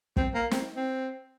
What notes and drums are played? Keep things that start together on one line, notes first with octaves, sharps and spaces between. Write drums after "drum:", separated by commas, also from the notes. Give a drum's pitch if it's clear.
C4, drum: kick
A#3
C4, drum: snare
C4